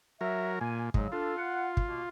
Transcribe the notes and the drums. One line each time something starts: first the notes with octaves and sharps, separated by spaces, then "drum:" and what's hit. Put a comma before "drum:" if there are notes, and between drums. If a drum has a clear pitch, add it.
F#3 A#4 E5
A#2 G#5
G#2 C#3 F#3, drum: kick
D4 F4 A4
F#5
drum: kick
B2 A#3